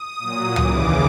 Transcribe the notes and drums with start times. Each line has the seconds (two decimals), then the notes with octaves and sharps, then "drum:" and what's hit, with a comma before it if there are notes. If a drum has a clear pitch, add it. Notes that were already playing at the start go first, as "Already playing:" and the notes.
Already playing: D#6
0.19 A#2 F#3
0.56 D#2 C#3 E3 D6, drum: tom C#2